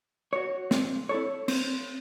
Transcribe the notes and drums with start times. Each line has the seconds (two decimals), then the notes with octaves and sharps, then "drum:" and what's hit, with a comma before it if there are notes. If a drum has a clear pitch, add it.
0.33 F#4 C#5
0.71 C4, drum: snare
1.09 E4 A4 C#5
1.48 C4, drum: cymbal